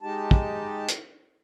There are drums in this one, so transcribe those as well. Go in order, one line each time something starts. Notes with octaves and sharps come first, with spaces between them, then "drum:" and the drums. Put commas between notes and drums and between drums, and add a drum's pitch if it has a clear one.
G#3 D#4 G4 A5
drum: kick
drum: hi-hat